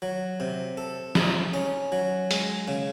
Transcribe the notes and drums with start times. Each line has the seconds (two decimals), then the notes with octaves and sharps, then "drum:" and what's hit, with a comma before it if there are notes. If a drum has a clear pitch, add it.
0.02 F#3
0.40 C3
0.77 A4
1.15 D#4, drum: snare
1.54 C#4
1.92 F#3
2.31 G#3, drum: hi-hat
2.68 C#3